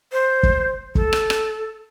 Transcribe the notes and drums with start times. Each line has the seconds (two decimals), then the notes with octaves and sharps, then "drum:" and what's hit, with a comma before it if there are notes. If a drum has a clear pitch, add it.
0.12 C5
0.43 drum: kick
0.95 A4, drum: kick
1.13 drum: rim click
1.30 drum: rim click